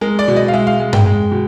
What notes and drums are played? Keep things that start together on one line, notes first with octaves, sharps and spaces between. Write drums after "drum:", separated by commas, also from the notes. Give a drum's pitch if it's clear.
G#3 A#4
D5
B2
D#5
F5
G#3 E5
F5
G#3
G5, drum: tom G2
G#3
B2